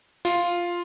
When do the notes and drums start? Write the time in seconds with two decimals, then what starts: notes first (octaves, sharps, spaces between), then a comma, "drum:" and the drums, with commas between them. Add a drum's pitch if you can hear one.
0.25 F4, drum: tambourine